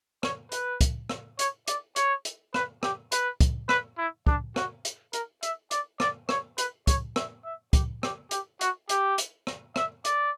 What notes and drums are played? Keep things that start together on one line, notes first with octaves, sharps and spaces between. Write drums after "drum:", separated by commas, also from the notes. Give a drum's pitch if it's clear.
C#5, drum: rim click
B4, drum: hi-hat
drum: kick, hi-hat
drum: rim click
C#5, drum: hi-hat
D5, drum: hi-hat
C#5, drum: hi-hat
drum: hi-hat
B4, drum: rim click
G4, drum: rim click
B4, drum: hi-hat
drum: kick, hi-hat
B4, drum: rim click
E4
D4, drum: kick
F#4, drum: rim click
drum: hi-hat
A#4, drum: hi-hat
E5, drum: hi-hat
D5, drum: hi-hat
D5, drum: rim click
C#5, drum: rim click
B4, drum: hi-hat
C#5, drum: kick, hi-hat
E5, drum: rim click
E5
G4, drum: kick, hi-hat
G4, drum: rim click
G4, drum: hi-hat
F#4, drum: hi-hat
G4, drum: hi-hat
drum: hi-hat
drum: rim click
E5, drum: rim click
D5, drum: hi-hat